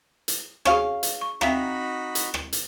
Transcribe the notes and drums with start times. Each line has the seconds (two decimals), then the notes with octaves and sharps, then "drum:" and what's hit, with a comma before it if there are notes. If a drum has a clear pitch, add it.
0.28 drum: hi-hat
0.65 C#4 F#4 G#4 C#5 F5, drum: rim click
1.03 drum: hi-hat
1.21 C#6
1.41 C4 D#4 F#4 E5 F5 A#5 B5, drum: rim click
2.15 drum: hi-hat
2.34 drum: rim click
2.53 drum: hi-hat